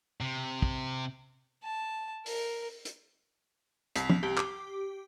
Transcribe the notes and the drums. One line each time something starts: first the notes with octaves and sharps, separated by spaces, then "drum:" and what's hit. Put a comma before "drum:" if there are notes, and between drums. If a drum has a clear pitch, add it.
C3
drum: kick
A5
A#4, drum: open hi-hat
drum: hi-hat
C2 B6 C7, drum: hi-hat
drum: tom F3
C2 G4
D6, drum: clap